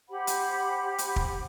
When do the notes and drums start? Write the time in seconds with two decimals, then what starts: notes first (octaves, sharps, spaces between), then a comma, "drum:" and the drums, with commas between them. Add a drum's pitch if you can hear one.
0.09 G4 C5 F#5 B5
0.27 drum: hi-hat
0.98 drum: hi-hat
1.16 drum: kick